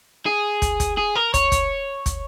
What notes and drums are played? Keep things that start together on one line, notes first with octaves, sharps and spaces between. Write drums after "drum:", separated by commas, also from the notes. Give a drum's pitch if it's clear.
G#4
drum: kick, hi-hat
drum: kick, hi-hat
G#4
A#4
C#5, drum: kick, hi-hat
drum: kick, hi-hat
drum: kick, hi-hat